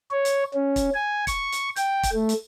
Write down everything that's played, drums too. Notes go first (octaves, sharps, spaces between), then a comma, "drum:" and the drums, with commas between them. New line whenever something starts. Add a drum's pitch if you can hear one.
C#5
drum: hi-hat
C#4
drum: kick, hi-hat
G#5
C#6, drum: kick, hi-hat
drum: hi-hat
G5, drum: hi-hat
drum: kick, hi-hat
A3
drum: hi-hat